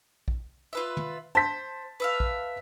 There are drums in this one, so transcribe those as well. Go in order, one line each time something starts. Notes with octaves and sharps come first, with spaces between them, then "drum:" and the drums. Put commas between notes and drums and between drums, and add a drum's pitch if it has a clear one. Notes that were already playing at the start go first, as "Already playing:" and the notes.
drum: kick A#1
F4 B4 E5
drum: tom
C5 A5 B6
B4 E5 F5
drum: kick A#1